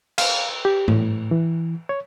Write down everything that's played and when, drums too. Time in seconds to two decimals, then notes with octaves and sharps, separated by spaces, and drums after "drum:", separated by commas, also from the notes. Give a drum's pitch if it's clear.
0.18 F5, drum: cymbal
0.65 G4
0.88 A2, drum: tom G#2
1.31 E3
1.89 C#5